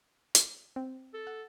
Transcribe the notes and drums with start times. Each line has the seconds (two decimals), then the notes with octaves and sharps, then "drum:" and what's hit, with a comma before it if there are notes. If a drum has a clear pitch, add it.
0.35 drum: hi-hat
0.76 C4
1.14 A4
1.27 F#5